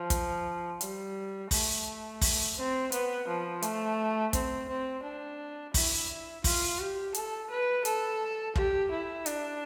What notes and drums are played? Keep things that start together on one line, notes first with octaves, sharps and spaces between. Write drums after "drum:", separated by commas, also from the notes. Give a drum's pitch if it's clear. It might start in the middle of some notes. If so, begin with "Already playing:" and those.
Already playing: F3
drum: kick, hi-hat
G3, drum: hi-hat
A3, drum: kick, open hi-hat
drum: kick, open hi-hat
C4
B3, drum: hi-hat
F3
A3, drum: hi-hat
C4, drum: kick, hi-hat
C4
D4
E4, drum: kick, open hi-hat
F4, drum: kick, open hi-hat
G4
A4, drum: hi-hat
B4
A4, drum: hi-hat
G4, drum: kick
E4
D4, drum: hi-hat